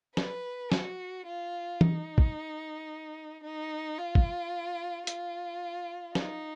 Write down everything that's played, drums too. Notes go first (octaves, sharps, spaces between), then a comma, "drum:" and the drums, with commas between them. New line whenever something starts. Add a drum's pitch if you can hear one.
B4, drum: snare
F#4, drum: snare
F4
D#4, drum: tom
drum: kick
D#4
F4
drum: kick
F4, drum: hi-hat
D#4, drum: snare